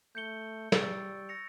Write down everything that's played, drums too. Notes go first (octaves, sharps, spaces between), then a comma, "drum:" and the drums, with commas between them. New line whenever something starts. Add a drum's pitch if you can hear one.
A3 G6 C#7 G7
G3 C#6 E6 A6 D7, drum: snare
E6 A#6 C#7 F7